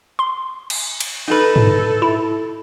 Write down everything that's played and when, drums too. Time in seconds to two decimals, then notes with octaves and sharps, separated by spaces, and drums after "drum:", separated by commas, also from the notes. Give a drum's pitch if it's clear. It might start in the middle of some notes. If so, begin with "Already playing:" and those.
0.19 C6
0.70 drum: cymbal
1.00 drum: cymbal
1.28 D#4 A4 B4
1.56 drum: tom
2.02 E4